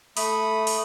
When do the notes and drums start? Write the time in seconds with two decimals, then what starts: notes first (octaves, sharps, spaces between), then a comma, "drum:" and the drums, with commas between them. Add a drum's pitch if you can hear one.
0.17 A3 B5 D#6, drum: open hi-hat
0.67 drum: open hi-hat